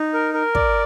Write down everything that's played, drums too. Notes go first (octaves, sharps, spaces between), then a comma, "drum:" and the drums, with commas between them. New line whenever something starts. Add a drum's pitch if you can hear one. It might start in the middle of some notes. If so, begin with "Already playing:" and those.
Already playing: D#4
A#4
A#4
D5, drum: kick